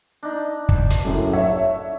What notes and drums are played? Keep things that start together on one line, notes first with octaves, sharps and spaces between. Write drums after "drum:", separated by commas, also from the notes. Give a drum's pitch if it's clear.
D4 D#4
drum: kick
drum: hi-hat
F#2 A2
C#5 E5